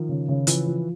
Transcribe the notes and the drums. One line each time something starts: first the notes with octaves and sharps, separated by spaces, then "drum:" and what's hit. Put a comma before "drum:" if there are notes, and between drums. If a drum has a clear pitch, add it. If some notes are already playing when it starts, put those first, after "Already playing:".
Already playing: D#3 F3
C#3
C#3
E3 F3, drum: hi-hat
F3